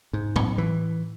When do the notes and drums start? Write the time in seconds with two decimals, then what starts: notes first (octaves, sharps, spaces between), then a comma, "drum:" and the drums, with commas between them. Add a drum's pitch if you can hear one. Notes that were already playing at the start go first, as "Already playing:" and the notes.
0.13 G#2
0.36 drum: tom
0.58 E3